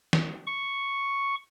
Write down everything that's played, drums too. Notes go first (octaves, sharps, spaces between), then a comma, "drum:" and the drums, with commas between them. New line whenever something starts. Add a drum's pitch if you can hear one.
drum: snare
C#6